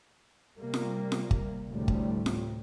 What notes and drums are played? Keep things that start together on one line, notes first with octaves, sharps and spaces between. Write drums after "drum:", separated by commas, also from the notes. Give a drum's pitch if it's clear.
C3 G3 A#3
drum: snare F4
drum: snare F4
drum: kick G1
D2 A2 C3 G3
drum: kick G1
drum: snare F4